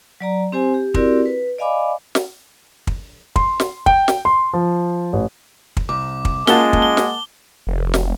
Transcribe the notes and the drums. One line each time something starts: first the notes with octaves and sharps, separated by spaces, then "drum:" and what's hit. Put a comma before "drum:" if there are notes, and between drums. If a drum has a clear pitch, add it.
F#3 D5 A#5
C4 G4 C5 G#5
G4
C4 E4 F#4 G4 A#4 D5, drum: kick
B4
D5 D#5 F5 G#5 B5 D6
drum: snare
drum: kick
C6, drum: kick
drum: snare
G5, drum: kick
drum: snare
C6
F3
A1
drum: kick
C2 D6
drum: kick
G#3 A#3 C#4 F4 F#5 A5 G7, drum: snare
drum: kick
G7
drum: snare
F1
drum: snare